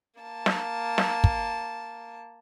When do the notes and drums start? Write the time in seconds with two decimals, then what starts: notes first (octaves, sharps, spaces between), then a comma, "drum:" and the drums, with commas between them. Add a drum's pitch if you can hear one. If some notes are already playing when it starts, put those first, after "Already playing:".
0.20 A#3 A5
0.46 drum: snare
0.98 drum: snare
1.24 drum: kick